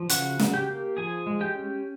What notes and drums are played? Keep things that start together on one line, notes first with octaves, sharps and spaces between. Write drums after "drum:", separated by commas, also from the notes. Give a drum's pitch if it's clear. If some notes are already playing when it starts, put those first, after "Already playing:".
Already playing: F3
C#3 F#4 F#5, drum: hi-hat
C#3, drum: snare
G4 G5
A#3
F3 G#4 G#5
G#3
G4 G5
C#4